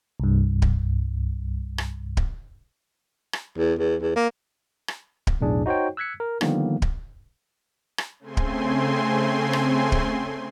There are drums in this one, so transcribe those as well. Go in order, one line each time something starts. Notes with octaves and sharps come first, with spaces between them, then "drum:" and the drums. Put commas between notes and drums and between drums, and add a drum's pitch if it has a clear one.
C2 G2
drum: kick D1
drum: rim click
drum: kick D1
drum: rim click
E2
E2
E2
A#3
drum: rim click
drum: kick D1
B1 E2 A2 D4 G#4
D#4 F#4 C5 C#5 G5
E6 F#6 G#6 B6 C#7
A#4
D3 D#3 F3 G3 A#3 B3, drum: rim click
drum: kick D1
drum: rim click
C#3 A3 C4 G#5 C6
drum: kick D1
drum: rim click
drum: kick D1